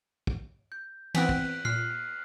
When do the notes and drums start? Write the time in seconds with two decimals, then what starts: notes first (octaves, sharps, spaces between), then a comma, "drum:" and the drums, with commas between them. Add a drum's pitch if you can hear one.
0.27 drum: kick
0.72 G6
1.14 E3 B3 C4 F#6 B6, drum: cymbal
1.29 drum: kick
1.65 A#2 F6 F#6 C7